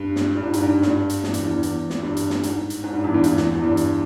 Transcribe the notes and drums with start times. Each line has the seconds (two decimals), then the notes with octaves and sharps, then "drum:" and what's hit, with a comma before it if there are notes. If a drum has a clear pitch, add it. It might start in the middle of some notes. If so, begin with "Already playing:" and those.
Already playing: G2
0.16 drum: snare
0.37 G2
0.43 G#2
0.53 G#2, drum: hi-hat
0.63 G2
0.82 G2, drum: snare
1.10 drum: hi-hat
1.24 E2, drum: snare
1.34 G2, drum: hi-hat
1.46 E2
1.63 E2, drum: hi-hat
1.90 drum: snare
2.03 G2
2.17 drum: hi-hat
2.30 drum: snare
2.43 G#2, drum: hi-hat
2.70 drum: hi-hat
2.84 G#2
2.93 G2
3.04 E2
3.14 G2
3.24 E2, drum: hi-hat
3.37 drum: snare
3.55 E2
3.63 G2
3.77 drum: hi-hat